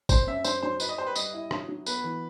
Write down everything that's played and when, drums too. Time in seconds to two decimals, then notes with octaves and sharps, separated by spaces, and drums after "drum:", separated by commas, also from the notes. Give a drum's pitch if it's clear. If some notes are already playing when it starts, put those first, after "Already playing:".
0.09 C4 C5, drum: kick, tambourine
0.27 F#2 E5
0.44 F#3 C5, drum: tambourine
0.63 F#3 C5
0.80 D#4 B4, drum: tambourine
0.89 D#5
0.98 G4 C5
1.07 B4
1.15 G3 D#5, drum: tambourine
1.34 E4
1.51 F#3, drum: rim click
1.69 F#3
1.86 B3 B4, drum: tambourine
2.04 E3